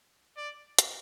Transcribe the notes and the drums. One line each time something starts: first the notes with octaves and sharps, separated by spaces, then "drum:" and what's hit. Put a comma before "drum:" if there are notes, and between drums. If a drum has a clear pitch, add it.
D5
drum: hi-hat